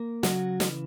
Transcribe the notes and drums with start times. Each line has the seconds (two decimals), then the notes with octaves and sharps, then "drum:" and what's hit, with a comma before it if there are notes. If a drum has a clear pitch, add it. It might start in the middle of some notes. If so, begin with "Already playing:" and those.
Already playing: A#3
0.23 C#3 F#3 F#4, drum: snare
0.60 E3, drum: snare